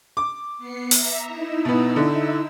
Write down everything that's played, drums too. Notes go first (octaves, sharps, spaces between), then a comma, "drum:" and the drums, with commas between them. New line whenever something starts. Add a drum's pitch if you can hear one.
D6
B3 C7 C#7
E5 A#5, drum: open hi-hat
D#4 E4 E6
B2 B3
D3